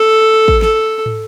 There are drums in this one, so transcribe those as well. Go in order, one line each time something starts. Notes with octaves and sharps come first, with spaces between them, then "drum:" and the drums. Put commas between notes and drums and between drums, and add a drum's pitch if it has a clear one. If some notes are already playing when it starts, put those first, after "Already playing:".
Already playing: A4
drum: kick A1
A4, drum: snare
drum: tom